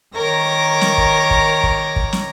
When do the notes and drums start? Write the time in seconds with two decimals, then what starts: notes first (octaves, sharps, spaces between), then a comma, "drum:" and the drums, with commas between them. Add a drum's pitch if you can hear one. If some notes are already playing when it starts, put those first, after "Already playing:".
0.16 D#3 A#4 C#5 D6 A#6
0.81 drum: snare
0.98 drum: kick
1.31 drum: kick
1.63 drum: kick
1.96 drum: kick
2.13 drum: snare